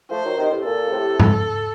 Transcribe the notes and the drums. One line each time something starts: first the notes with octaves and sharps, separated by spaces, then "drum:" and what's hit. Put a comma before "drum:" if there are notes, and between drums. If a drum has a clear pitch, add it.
F3 A3 C5
D#3 F#3
C3 D#3
A2 C3
A#2 A4
C#3
A2 C3
drum: tom G#2